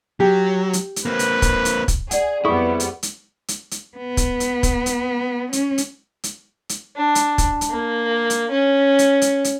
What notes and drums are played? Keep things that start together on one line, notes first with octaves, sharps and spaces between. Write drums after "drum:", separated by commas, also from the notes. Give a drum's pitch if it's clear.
F#3 G4
drum: hi-hat
drum: hi-hat
A#3 C4 B4
drum: hi-hat
drum: kick, hi-hat
drum: hi-hat
drum: kick, hi-hat
G#4 D5 F#5, drum: hi-hat
F2 G3 B3 E4 G#4 A4 C#6
drum: hi-hat
drum: hi-hat
drum: hi-hat
drum: hi-hat
B3
drum: kick, hi-hat
drum: hi-hat
drum: kick, hi-hat
drum: hi-hat
C#4, drum: hi-hat
drum: hi-hat
drum: hi-hat
drum: hi-hat
D4
drum: hi-hat
drum: kick, hi-hat
drum: hi-hat
A#3
drum: hi-hat
C#4
drum: hi-hat
drum: hi-hat
drum: hi-hat